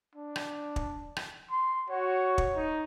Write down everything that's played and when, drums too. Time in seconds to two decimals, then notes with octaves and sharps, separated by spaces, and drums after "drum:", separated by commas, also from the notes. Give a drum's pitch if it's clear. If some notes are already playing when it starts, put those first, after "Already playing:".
0.15 D4
0.36 drum: rim click
0.76 drum: kick
1.16 drum: rim click
1.51 C6
1.90 F#4 C#5
2.38 drum: kick
2.55 D#4